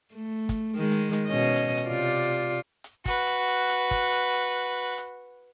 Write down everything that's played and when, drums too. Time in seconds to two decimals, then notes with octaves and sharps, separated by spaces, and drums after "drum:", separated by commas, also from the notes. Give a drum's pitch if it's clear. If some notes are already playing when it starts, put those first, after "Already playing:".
0.14 A3
0.49 drum: kick, hi-hat
0.76 D#3 G#3
0.92 drum: hi-hat
1.13 drum: hi-hat
1.28 B2 C#4 D#5
1.56 drum: hi-hat
1.77 drum: hi-hat
1.87 C3 F4 D5
2.84 drum: hi-hat
3.06 F#4 B4, drum: kick, hi-hat
3.27 drum: hi-hat
3.48 drum: hi-hat
3.70 drum: hi-hat
3.91 drum: kick, hi-hat
4.12 drum: hi-hat
4.34 drum: hi-hat
4.98 drum: hi-hat